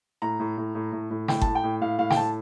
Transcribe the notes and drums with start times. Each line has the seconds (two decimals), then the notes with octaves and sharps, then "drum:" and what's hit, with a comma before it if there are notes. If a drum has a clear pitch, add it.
0.22 A2 A#5
0.40 A2
0.57 A2
0.75 A2
0.92 A2
1.10 A2
1.28 A2 G5, drum: snare
1.41 A2 A5, drum: kick G1
1.55 G5
1.63 A2
1.81 A2 F5
1.99 A2 F5
2.10 G5, drum: snare
2.16 A2 A5